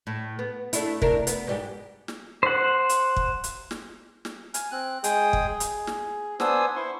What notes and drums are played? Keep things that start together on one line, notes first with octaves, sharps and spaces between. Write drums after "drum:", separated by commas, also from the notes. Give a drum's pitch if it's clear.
A2
B3
A3 D4 E4, drum: hi-hat
C3 D4 A#4, drum: kick
B3, drum: hi-hat
G#2 G3 G4
drum: snare
C5 F#5
drum: hi-hat
drum: kick
drum: hi-hat
drum: snare
drum: snare
G#5 F6, drum: hi-hat
C4 F#6
G#3 G#4 G5 D#6, drum: hi-hat
drum: kick
G#4
drum: hi-hat
drum: snare
B3 D4 C5 G#5 D#6 E6, drum: snare
E4 C5 C6 C#6